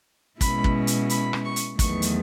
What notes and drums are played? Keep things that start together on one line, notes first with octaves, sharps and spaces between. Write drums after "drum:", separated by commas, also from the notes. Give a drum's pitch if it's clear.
B2 G#3 C#4 E4 B5, drum: kick, hi-hat
drum: kick
drum: hi-hat
B5, drum: hi-hat
drum: rim click
C#6
drum: hi-hat
E2 D#3 F#3 A3 C#6, drum: kick, hi-hat
drum: hi-hat